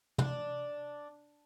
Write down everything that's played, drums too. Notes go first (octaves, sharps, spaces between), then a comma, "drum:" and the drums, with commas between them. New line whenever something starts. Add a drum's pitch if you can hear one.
D4, drum: tom